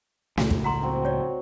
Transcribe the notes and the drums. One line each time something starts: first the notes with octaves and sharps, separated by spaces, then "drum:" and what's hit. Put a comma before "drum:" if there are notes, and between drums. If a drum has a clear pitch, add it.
C#2 A2 F#4, drum: snare
drum: kick
F#5 A#5 C6
C4 F#4
C#5 D5